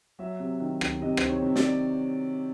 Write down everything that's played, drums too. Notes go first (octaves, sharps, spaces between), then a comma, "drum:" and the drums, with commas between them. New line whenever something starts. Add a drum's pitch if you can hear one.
F#3 E5
C3
D#3
D#3, drum: rim click
C3 D#5
D#3 C5, drum: rim click
C#5
C3
D5, drum: snare